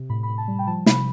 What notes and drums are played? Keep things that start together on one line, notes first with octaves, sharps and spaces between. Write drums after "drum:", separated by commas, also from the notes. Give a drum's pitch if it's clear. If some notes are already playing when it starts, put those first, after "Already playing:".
Already playing: C3
A2 B5
B5
A2
A5
G3
G5
F3 A5
C3 B5, drum: snare